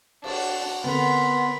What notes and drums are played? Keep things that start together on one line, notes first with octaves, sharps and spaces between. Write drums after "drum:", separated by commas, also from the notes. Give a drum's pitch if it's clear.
D4 F#4, drum: cymbal
D3 B3 C4 A4 A#4 B5 C6